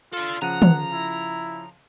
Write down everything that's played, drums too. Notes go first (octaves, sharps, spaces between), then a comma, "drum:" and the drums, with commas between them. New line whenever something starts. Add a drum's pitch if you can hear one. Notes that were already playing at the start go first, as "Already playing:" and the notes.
F4 A4 D5
C#3 F3 F#5 A#5 D#7
drum: tom
E4